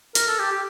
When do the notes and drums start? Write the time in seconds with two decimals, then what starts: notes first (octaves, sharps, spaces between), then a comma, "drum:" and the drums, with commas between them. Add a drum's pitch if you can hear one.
0.15 A#4, drum: hi-hat
0.27 A4
0.39 G4
0.51 G4